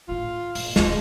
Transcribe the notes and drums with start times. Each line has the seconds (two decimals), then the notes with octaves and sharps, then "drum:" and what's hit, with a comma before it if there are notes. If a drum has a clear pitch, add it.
0.08 A2 D3 F4
0.55 A#1, drum: open hi-hat
0.76 D1 F3 G3 G#3, drum: snare